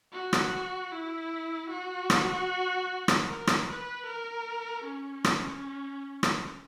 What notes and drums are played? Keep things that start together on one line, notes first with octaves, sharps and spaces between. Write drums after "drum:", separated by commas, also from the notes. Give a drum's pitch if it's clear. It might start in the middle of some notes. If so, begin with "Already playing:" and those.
F#4
drum: rim click
E4
F#4
drum: rim click
drum: rim click
A#4
drum: rim click
B4
A#4
C#4
drum: rim click
drum: rim click